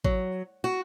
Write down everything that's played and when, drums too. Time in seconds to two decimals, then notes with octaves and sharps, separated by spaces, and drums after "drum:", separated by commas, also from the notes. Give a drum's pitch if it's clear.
0.04 F#3, drum: kick G#1
0.64 F#4